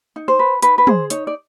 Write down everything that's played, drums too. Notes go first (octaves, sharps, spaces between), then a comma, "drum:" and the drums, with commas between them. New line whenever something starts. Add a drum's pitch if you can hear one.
D#4
C5
B4
D#4 B4, drum: hi-hat
B4
G#4 C5, drum: tom
D#4 C#5, drum: hi-hat
D5